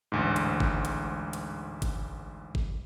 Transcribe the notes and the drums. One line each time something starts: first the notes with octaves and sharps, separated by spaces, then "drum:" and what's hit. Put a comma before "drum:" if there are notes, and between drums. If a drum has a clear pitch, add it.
A1 D2 G#2
drum: hi-hat
drum: kick G1
drum: hi-hat
drum: hi-hat
drum: kick G1, hi-hat
drum: kick G1